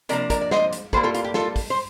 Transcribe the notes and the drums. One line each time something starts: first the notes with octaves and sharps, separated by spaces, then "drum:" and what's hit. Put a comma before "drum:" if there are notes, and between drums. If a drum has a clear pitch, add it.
C3 F3 A#3 D4 A#4 D5, drum: hi-hat
A#4 D5, drum: kick, hi-hat
D5
C5 D#5, drum: snare
drum: hi-hat
A2 G3 A#3 A4 C5, drum: kick
F4 A4
F4, drum: hi-hat
G4
F4 A4, drum: snare
drum: kick, open hi-hat
C5